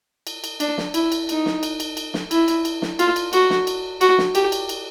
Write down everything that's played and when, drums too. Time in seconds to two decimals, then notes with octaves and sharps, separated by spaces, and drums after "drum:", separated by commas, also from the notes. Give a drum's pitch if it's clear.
0.27 drum: cymbal
0.44 drum: cymbal
0.60 D4, drum: cymbal
0.78 drum: snare
0.94 E4, drum: cymbal
1.12 drum: cymbal
1.29 D#4, drum: cymbal
1.46 drum: snare
1.63 drum: cymbal
1.80 drum: cymbal
1.97 drum: cymbal
2.14 drum: snare
2.31 E4, drum: cymbal
2.48 drum: cymbal
2.65 drum: cymbal
2.82 drum: snare
2.99 F4, drum: cymbal
3.16 drum: cymbal
3.33 F#4, drum: cymbal
3.50 drum: snare
3.67 drum: cymbal
4.01 F#4, drum: cymbal
4.18 drum: snare
4.35 G4, drum: cymbal
4.52 drum: cymbal
4.69 drum: cymbal